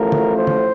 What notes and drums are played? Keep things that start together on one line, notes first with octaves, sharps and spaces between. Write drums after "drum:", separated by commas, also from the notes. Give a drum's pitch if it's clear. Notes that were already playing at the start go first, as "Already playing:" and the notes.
Already playing: A1 A2 F3 A3 A#4
drum: tom
C5
drum: tom